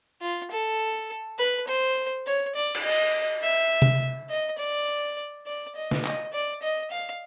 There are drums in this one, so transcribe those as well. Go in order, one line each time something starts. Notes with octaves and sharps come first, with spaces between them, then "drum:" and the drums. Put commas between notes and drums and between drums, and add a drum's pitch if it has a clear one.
F4
A4
B4
C5
C#5
D5
drum: cymbal
D#5
E5
drum: tom C3
D#5
D5
D5
D#5
drum: snare
D#5, drum: clap
D5
D#5
F5